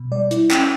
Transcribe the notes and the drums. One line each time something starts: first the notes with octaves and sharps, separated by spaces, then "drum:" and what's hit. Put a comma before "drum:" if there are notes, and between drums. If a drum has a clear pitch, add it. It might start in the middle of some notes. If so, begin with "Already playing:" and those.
Already playing: B2
G3 D5
E4, drum: hi-hat
C#4 G5, drum: clap